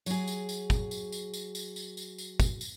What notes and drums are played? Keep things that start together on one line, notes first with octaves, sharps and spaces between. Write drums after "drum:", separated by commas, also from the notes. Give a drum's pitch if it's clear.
F#3 G#4, drum: tambourine
drum: tambourine
drum: tambourine
drum: kick, tambourine
drum: tambourine
drum: tambourine
drum: tambourine
drum: tambourine
drum: tambourine
drum: tambourine
drum: tambourine
drum: kick, tambourine
drum: tambourine